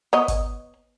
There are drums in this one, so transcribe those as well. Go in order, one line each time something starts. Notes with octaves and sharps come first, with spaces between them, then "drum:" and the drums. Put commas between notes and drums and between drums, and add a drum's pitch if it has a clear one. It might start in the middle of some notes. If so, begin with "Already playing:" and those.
B3 C#5 D#5
drum: kick G1, hi-hat